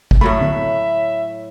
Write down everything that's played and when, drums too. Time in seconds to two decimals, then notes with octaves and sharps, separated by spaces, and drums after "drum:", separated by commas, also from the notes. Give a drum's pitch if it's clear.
0.11 drum: kick
0.21 A2 F#3 A3 E5 B5
0.41 drum: tom D3